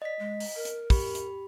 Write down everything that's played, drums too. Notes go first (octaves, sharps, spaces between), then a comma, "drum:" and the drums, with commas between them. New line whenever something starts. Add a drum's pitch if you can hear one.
D5 D#5 B6
G#3
drum: open hi-hat
A#4
drum: hi-hat
G4 B5, drum: kick, open hi-hat
drum: hi-hat